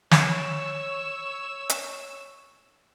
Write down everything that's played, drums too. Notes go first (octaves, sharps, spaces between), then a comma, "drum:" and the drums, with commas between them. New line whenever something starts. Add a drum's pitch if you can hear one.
C#5 E6, drum: snare
drum: hi-hat